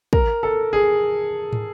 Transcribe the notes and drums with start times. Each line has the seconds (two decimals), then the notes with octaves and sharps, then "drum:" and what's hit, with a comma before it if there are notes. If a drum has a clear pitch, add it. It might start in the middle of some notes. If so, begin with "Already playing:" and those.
0.13 A#4, drum: kick
0.43 A4
0.73 G#4
1.53 drum: tom